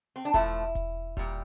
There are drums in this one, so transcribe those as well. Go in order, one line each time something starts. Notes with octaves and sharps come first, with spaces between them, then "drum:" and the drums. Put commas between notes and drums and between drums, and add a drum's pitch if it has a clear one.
C4
D4
A2 F3 A3 E4, drum: kick E1
drum: kick E1, hi-hat
A#2 G3, drum: kick E1